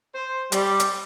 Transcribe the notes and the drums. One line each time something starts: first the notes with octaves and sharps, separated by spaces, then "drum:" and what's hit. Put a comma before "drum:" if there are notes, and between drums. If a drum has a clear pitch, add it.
C5
G3, drum: hi-hat
drum: hi-hat